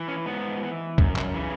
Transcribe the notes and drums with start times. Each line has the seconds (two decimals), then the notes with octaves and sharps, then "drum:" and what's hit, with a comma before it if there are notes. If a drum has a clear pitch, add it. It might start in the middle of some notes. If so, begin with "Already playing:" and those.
Already playing: E3
0.08 C#4
0.26 G#2 B3
0.62 E3
0.98 F#2, drum: kick
1.16 drum: clap
1.34 C#3 E3